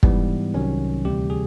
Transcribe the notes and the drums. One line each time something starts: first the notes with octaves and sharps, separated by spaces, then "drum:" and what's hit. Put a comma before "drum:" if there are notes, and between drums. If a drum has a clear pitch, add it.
G#2 E3 G3 B3, drum: kick
C2 C3 D#3 F#3 C#4
D2 C3 E3 G3 G4
G#4